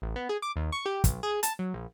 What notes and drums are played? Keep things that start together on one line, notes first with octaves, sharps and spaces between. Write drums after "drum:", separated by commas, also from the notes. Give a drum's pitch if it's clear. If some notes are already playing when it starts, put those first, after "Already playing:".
A1
B3
G#4
D6
D#2
C#6
G4
B1, drum: kick, hi-hat
G#4
A5, drum: hi-hat
F#3
A#1